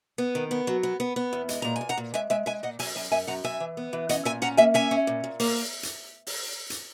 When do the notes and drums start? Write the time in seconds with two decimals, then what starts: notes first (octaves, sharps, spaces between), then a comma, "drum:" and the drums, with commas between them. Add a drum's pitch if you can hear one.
0.18 B3
0.35 D#3
0.51 B3
0.67 F#3
0.83 B3
1.00 B3
1.16 B3
1.33 E2
1.49 G#3, drum: hi-hat
1.62 A#2 A#5
1.76 G#5
1.81 A#2
1.89 F#5 A#5
1.98 A#2
2.14 G#3 E5 G#5
2.30 G#3 E5 G#5
2.46 G#3 E5 G#5
2.63 A#2 D#5 F#5
2.79 F#2 E5 G#5, drum: open hi-hat
2.95 F#2 E5 G#5
3.12 F#2 E5 G#5
3.27 F#2 F#5 A#5
3.44 F#2 E5 G#5
3.60 E3
3.77 B3
3.93 E3
4.09 C#4 D#5 F#5, drum: hi-hat
4.25 A#2 E5 G#5
4.42 C#4 F#5 A#5
4.57 A#3 E5 G#5
4.74 C#4 E5 G#5
4.91 C#4
5.07 A#2
5.24 A#2
5.40 A#3, drum: open hi-hat
5.83 drum: hi-hat
6.27 drum: open hi-hat
6.70 drum: hi-hat